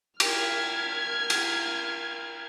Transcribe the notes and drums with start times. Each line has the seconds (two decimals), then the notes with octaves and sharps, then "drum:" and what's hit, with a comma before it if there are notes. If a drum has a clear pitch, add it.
0.20 F6 G#6, drum: cymbal
1.30 drum: cymbal